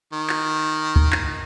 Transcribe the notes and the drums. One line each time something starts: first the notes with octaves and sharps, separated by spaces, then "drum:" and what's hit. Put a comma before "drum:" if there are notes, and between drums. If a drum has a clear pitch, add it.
D#3
drum: clap
drum: kick
drum: clap